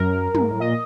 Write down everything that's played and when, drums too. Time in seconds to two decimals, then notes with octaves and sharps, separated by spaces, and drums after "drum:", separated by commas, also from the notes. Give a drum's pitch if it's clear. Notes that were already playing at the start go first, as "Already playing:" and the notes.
Already playing: F#2 A#4
0.35 G2, drum: tom
0.44 G#2
0.52 A2
0.60 A#2 D#5